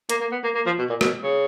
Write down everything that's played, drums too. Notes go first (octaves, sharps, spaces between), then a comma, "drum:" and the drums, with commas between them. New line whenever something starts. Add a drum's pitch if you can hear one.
A#3, drum: hi-hat
A#3
B3
A#3
A#3
F3
B2
A#2
B2, drum: rim click
C#3